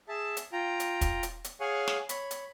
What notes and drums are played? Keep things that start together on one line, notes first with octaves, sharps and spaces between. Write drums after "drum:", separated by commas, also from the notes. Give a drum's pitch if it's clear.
G#4 E5 A5
drum: hi-hat
F4 G5 A#5
drum: hi-hat
drum: kick, hi-hat
drum: hi-hat
drum: hi-hat
G#4 C#5 F5 F#5 G#5
drum: snare
C#5 B5, drum: hi-hat
drum: hi-hat